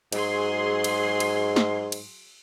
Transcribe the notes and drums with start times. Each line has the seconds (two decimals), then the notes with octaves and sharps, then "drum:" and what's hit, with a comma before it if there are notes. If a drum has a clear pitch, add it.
0.12 G#2 F#3 G#4 C6, drum: cymbal
0.84 drum: cymbal
1.20 drum: cymbal
1.56 drum: snare
1.92 drum: cymbal